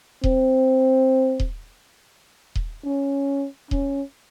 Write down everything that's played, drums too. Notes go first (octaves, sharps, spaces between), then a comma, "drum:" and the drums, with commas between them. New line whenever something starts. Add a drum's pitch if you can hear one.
C4, drum: kick D#1
drum: kick D#1
drum: kick D#1
C#4
C#4, drum: kick D#1